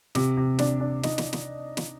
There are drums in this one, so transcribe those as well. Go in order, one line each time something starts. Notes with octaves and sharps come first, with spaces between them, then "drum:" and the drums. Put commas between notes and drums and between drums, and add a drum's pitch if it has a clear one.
C3, drum: snare
C3
D4, drum: snare
D4
D#4, drum: snare
drum: snare
drum: snare
drum: snare